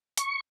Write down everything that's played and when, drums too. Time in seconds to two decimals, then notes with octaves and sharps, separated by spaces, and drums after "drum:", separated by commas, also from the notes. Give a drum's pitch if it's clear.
0.18 C#6, drum: hi-hat